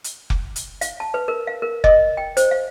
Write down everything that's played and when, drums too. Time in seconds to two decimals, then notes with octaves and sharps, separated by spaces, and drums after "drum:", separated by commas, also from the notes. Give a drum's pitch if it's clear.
0.04 drum: hi-hat
0.30 drum: kick F1
0.56 drum: hi-hat
0.81 F5, drum: hi-hat
1.00 A5
1.14 B4
1.28 A#4
1.47 F5
1.62 A#4
1.84 D#5, drum: kick F1
2.17 G5
2.37 C5, drum: hi-hat
2.51 F5